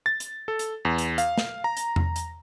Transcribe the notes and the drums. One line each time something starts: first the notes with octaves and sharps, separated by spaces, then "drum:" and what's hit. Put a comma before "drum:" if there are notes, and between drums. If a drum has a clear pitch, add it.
A6
drum: hi-hat
A4
drum: hi-hat
E2
drum: hi-hat
F5, drum: hi-hat
drum: snare
A#5
drum: hi-hat
drum: tom E2
drum: hi-hat